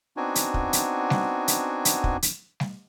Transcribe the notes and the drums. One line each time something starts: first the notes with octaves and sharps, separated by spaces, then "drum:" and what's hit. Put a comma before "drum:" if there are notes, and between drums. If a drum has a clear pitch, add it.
B3 C4 D4 D#4 F#4 G#5
drum: hi-hat
drum: kick
drum: hi-hat
drum: snare G3
drum: hi-hat
drum: hi-hat
drum: kick
drum: hi-hat
drum: snare G3